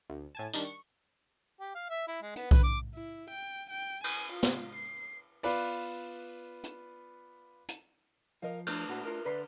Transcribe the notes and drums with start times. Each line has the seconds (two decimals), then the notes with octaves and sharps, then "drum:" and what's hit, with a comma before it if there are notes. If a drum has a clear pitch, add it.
0.10 D2
0.35 A2 G#5 A5
0.54 D#3 G3 D4, drum: tambourine
0.65 C#6
1.60 G4
1.75 F5
1.90 E5
2.08 E4
2.23 G#3
2.36 B3, drum: hi-hat
2.51 B4, drum: kick B1
2.63 D6
2.95 E4
3.30 G5
3.70 G5
4.04 G#5, drum: cymbal
4.33 F4
4.43 drum: snare
4.75 C7
5.43 B3 F4 B4 D5, drum: open hi-hat
6.64 drum: hi-hat
7.69 drum: hi-hat
8.42 F3 A#4 D#5 F5
8.67 A3 D4, drum: cymbal
8.88 A#2 F#4 B4
9.03 F4 A#4 B4
9.25 D3 B4 D5 B5 C6